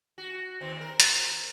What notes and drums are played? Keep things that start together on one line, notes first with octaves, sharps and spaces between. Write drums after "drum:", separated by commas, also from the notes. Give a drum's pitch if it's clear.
F#4
D#2 C4
A#4
drum: hi-hat